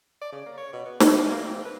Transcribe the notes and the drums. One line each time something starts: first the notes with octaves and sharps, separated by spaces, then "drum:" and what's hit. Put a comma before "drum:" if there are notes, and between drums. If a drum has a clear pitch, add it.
D5
C#3
A#3
C#5
B2
B3
E3, drum: snare
E3
A#3
C4
B4